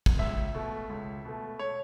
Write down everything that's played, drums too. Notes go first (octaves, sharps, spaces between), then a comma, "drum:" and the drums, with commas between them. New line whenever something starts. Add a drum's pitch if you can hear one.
drum: kick
C#2 E5
B2 A3
C#2
B2 A3
C#5